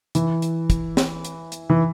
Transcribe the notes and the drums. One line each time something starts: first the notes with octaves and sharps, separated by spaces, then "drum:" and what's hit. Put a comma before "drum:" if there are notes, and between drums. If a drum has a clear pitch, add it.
E3, drum: hi-hat
drum: hi-hat
drum: kick, hi-hat
drum: snare
drum: hi-hat
drum: hi-hat
E3